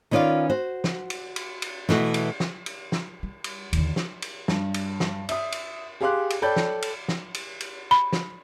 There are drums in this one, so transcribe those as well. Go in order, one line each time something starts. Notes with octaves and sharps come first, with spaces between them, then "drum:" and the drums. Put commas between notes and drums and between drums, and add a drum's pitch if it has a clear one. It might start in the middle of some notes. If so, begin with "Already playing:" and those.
D#3 B3 C#4 F4 D5 F5
F#4 C5
drum: snare
drum: cymbal
drum: cymbal
drum: cymbal
B2 E3 A3 F#4, drum: snare
drum: cymbal
drum: snare
drum: cymbal
drum: snare
G3
drum: cymbal
D#2 D3, drum: cymbal
drum: snare
drum: cymbal
G2, drum: snare
drum: cymbal
drum: snare
E5 D#6, drum: cymbal
drum: cymbal
G4 G#4 F5 C6 D6 F#6
drum: cymbal
A4 C#5 D5 G5 B5 G6
drum: snare
drum: cymbal
drum: snare
drum: cymbal
drum: cymbal
B5
drum: snare